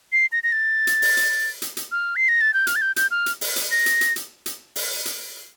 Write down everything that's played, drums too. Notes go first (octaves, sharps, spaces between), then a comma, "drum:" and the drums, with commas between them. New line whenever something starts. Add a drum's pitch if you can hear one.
C7
A#6
A#6
A6
drum: hi-hat
drum: open hi-hat
drum: hi-hat
drum: hi-hat
drum: hi-hat
F6
C7
A#6
A6
G6
F6, drum: hi-hat
A6
G6
G6, drum: hi-hat
F6
drum: hi-hat
drum: open hi-hat
drum: hi-hat
A#6
drum: hi-hat
drum: hi-hat
drum: hi-hat
drum: hi-hat
drum: open hi-hat
drum: hi-hat